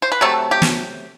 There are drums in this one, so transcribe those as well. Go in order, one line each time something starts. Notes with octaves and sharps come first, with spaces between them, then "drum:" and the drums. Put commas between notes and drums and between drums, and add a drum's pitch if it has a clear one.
C5
B4
C3 F#3 A3 A4
G4
drum: snare